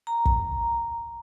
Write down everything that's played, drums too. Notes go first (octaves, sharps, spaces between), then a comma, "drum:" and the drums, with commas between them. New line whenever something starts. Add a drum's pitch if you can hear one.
A#5
drum: kick